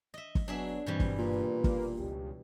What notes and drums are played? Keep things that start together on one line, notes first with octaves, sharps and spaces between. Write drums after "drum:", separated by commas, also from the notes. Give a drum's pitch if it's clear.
D#5 E5
drum: kick
F#3 B3 D4 G#4 E5
G2 B2 E3 G3 C4
drum: kick
A#2 B4
A#3, drum: kick
C#2 G4